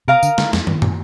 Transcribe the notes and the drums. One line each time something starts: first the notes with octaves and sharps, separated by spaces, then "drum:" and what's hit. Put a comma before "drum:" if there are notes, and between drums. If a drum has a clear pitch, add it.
C3 A#4 F5 A#5 D#6
D3, drum: tambourine
D3, drum: snare
F2, drum: snare
G2, drum: tom
A#2, drum: tom